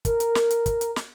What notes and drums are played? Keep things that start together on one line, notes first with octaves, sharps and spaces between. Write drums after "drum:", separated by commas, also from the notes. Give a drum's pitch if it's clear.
A#4, drum: kick, hi-hat
drum: hi-hat
drum: snare
drum: hi-hat
drum: kick, hi-hat
drum: hi-hat
drum: snare